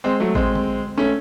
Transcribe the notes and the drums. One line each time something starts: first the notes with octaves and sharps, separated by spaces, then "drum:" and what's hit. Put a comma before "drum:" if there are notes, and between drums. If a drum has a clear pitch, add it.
G#3 C4
F#3 A3
G#3 C4, drum: kick A1
drum: tom D3
A3 C#4